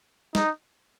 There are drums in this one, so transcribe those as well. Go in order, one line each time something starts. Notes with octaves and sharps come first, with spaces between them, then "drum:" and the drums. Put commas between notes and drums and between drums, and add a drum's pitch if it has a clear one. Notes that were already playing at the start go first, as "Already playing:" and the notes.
D#4, drum: snare